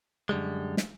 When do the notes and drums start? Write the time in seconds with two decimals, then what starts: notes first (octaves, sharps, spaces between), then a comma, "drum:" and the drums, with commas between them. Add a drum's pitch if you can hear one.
0.29 F#2 D3 G3 G#3
0.77 drum: snare